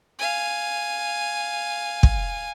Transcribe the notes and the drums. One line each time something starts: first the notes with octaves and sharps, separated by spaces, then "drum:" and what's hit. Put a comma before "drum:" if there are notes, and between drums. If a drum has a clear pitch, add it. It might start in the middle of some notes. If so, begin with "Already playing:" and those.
F5 G#5
drum: kick